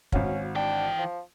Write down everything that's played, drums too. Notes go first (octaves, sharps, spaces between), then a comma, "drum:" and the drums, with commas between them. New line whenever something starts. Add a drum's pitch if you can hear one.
G#1 C#4 F#4 F5, drum: kick
E3 D4 G5
F3